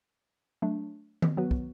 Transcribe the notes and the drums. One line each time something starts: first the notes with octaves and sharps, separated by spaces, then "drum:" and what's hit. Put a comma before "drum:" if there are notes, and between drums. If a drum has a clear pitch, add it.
F#3 A3 D4
drum: tom D#3
F#3 B3 F#4 B4
drum: kick